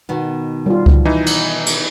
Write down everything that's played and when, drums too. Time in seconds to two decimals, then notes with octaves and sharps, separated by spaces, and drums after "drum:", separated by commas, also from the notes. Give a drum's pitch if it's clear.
0.09 B2 D#3 B3
0.66 G3 F4
0.86 drum: kick C#2
1.05 E3 D#4
1.26 drum: cymbal
1.66 drum: cymbal